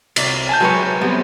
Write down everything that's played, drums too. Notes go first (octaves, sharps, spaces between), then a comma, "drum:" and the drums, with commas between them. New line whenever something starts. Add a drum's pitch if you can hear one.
C2 D5, drum: cymbal
G#5 A5 G6
F#3 G#3 B4 C#5
G3 B3 C4